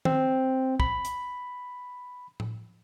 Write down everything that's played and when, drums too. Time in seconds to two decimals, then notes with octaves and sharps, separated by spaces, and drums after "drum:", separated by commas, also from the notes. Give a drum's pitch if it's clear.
0.05 C4, drum: tom D#3
0.80 B5, drum: kick
1.05 drum: hi-hat
2.40 drum: tom A2